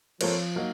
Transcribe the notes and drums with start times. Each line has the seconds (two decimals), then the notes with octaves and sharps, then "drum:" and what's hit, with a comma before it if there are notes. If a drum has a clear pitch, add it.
0.21 F3 A3 C4 F4 A#4 C#5, drum: cymbal
0.56 F#3 A#3 D#4 A#4